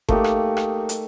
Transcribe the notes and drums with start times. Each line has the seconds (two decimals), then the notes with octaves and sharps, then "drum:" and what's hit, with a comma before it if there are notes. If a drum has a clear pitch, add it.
0.09 A3 A#3 D#4 G4, drum: kick G1
0.24 drum: rim click
0.57 drum: rim click
0.89 drum: hi-hat